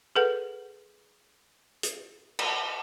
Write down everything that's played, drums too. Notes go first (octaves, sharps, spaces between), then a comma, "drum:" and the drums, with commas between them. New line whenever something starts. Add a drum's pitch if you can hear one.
G#4 A4 B4 F#5
drum: hi-hat
drum: cymbal